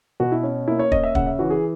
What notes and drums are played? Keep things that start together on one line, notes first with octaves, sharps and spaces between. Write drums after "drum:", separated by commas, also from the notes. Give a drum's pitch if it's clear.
B2 F#4
E4
C#4
A#3 E4
C#5
C#4 D#5, drum: kick
E5
C#3 F#5, drum: kick
E5
E3 F#4
G#4